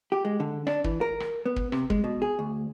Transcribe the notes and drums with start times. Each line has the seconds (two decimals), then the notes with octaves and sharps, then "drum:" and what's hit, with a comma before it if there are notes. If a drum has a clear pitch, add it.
0.12 G4
0.25 G#3
0.40 D3
0.67 D4, drum: rim click
0.84 E3, drum: kick
1.01 A#4
1.20 drum: rim click
1.46 B3
1.56 drum: kick
1.72 C3, drum: rim click
1.90 G#3, drum: kick
2.04 B2
2.22 G#4
2.39 D2